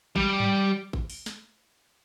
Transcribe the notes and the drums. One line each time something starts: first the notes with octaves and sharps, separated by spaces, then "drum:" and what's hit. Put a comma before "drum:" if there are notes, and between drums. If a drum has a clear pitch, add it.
G3, drum: kick G#1
drum: tom G2
drum: kick G#1
drum: open hi-hat
drum: snare